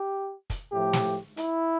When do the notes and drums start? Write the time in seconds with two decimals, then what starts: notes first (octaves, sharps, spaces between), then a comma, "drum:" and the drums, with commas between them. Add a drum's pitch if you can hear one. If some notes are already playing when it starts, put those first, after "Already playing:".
Already playing: G4
0.50 drum: kick, hi-hat
0.71 A2 F3 A3 G4
0.93 drum: snare
1.37 E4, drum: hi-hat